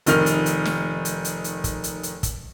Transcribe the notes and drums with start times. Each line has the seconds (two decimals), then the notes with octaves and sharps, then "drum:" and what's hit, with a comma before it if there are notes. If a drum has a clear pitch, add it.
0.06 F1 D#3 F6, drum: hi-hat
0.26 drum: hi-hat
0.46 drum: hi-hat
0.65 drum: snare
1.05 drum: hi-hat
1.25 drum: hi-hat
1.44 drum: hi-hat
1.64 drum: kick, hi-hat
1.84 drum: hi-hat
2.03 drum: hi-hat
2.23 drum: kick, hi-hat